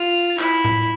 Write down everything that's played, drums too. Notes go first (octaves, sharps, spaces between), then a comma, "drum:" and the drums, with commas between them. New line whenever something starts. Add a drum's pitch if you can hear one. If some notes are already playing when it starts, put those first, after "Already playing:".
Already playing: F4
E4, drum: clap
drum: tom A2